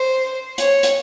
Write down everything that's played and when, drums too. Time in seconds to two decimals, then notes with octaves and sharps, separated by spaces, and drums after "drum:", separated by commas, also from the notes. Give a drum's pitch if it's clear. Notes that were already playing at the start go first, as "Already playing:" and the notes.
Already playing: C5
0.58 C#5, drum: hi-hat
0.83 drum: hi-hat